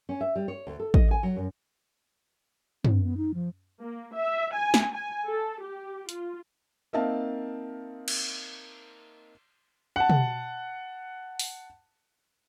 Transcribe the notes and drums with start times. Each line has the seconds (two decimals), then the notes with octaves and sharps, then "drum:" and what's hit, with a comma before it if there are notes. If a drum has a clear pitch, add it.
0.09 C#4
0.21 E5
0.36 G3
0.48 C#5
0.67 D2
0.80 A4
0.94 D#5, drum: kick A1
1.11 G#5
1.23 F#3
1.36 F#2
2.85 C4, drum: tom
3.04 B3
3.17 D#4
3.34 F3
3.82 A#3
4.15 E5
4.53 G#5
4.74 drum: snare
4.95 G#5
5.28 A4
5.63 G4
6.09 F4, drum: hi-hat
6.93 A#3 C4 D#4 E5 F5 A5
8.08 drum: cymbal
9.96 F#5 A5
10.10 drum: tom
11.39 drum: open hi-hat